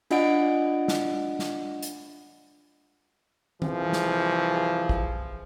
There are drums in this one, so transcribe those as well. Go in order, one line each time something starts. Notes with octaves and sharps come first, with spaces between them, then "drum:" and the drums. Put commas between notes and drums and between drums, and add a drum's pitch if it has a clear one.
D4 F4 D#5 F#5 D7, drum: cymbal
drum: snare
drum: snare
drum: hi-hat
C2 E3 F3 G#4, drum: tom E3
drum: snare
drum: kick